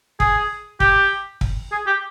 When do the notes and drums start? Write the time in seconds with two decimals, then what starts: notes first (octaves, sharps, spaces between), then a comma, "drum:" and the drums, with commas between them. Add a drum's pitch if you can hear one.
0.20 G#4, drum: kick
0.80 G4, drum: kick
1.41 drum: kick
1.72 G#4
1.86 G4